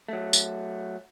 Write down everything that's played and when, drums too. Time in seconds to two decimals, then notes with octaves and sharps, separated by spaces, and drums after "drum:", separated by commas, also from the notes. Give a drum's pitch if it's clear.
0.09 F#3 A3
0.33 drum: tambourine